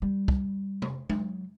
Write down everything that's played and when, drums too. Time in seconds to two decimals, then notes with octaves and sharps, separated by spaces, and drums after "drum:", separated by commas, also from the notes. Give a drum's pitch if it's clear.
0.02 G3
0.28 drum: kick
0.82 drum: tom C3
1.10 F#3, drum: tom G#3